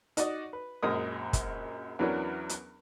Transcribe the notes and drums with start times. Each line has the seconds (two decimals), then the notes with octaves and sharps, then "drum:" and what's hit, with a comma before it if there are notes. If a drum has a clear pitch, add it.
0.17 D#4 F#4 D5 D#5, drum: hi-hat
0.53 B4
0.83 A#1 F#2 G#3 A#4 D#6
1.33 drum: kick, hi-hat
1.99 E2 E3 F#3 C#4 D4 A#4
2.49 drum: hi-hat